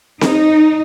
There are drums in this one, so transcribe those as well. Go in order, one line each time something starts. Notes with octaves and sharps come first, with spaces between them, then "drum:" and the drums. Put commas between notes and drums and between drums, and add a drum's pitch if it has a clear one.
D#4, drum: snare C4